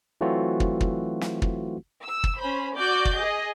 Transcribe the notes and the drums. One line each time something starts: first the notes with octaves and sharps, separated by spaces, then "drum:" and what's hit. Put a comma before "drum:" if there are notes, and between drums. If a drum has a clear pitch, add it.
E3 F#3 A3 C4 F4 F#4
drum: kick
drum: kick
drum: snare
drum: kick
E6
drum: kick
C#4 C5 B5
F#4 D5 D6 G6
drum: kick
G#4 D#5